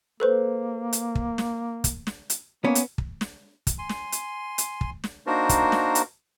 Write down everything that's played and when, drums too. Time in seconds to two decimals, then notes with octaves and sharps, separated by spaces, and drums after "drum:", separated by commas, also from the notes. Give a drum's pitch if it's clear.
0.20 A#3 A4 B4 C5
0.93 drum: hi-hat
1.15 drum: kick
1.38 drum: snare
1.84 drum: kick, hi-hat
2.07 drum: snare
2.30 drum: hi-hat
2.64 A#3 B3 C#4
2.75 drum: hi-hat
2.98 drum: kick
3.21 drum: snare
3.67 drum: kick, hi-hat
3.79 G#5 C6
3.89 drum: snare
4.12 drum: hi-hat
4.58 drum: hi-hat
4.81 drum: kick
5.04 drum: snare
5.27 A#3 D4 D#4 F#4 A#4 C5
5.49 drum: kick, hi-hat
5.72 drum: snare
5.95 drum: hi-hat